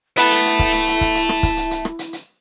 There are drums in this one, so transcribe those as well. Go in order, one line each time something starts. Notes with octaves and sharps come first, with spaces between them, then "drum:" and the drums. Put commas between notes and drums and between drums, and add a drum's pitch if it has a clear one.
B3 E4 E5 A5, drum: hi-hat
drum: hi-hat
drum: hi-hat
drum: kick, hi-hat
drum: hi-hat
drum: hi-hat
drum: kick, hi-hat
drum: hi-hat
drum: rim click
drum: kick, hi-hat
drum: hi-hat
drum: hi-hat
drum: rim click
drum: hi-hat
drum: hi-hat